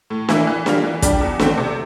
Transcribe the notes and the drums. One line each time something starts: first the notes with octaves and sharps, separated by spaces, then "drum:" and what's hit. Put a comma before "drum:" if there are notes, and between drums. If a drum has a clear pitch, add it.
A2
E3 A#3 E4, drum: snare
E3
G3 A#3 F4, drum: snare
E3
G3 D4 G4, drum: kick, hi-hat
E2
D3 A3 C4, drum: snare
C3